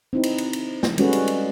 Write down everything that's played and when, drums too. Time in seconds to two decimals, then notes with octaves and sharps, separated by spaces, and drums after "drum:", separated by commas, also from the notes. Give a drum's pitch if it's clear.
0.13 C4 D#4 E4
0.23 drum: cymbal
0.38 drum: cymbal
0.53 drum: cymbal
0.83 drum: snare
0.98 G3 G#3 C#4 F#4 A4 B4, drum: cymbal
1.13 drum: cymbal
1.28 drum: cymbal